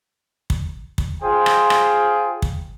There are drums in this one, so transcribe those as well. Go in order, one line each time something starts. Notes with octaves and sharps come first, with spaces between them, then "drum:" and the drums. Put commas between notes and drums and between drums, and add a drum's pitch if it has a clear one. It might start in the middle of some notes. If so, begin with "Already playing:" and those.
drum: kick
drum: kick
F4 G#4 C5 G5
drum: rim click
drum: rim click
drum: kick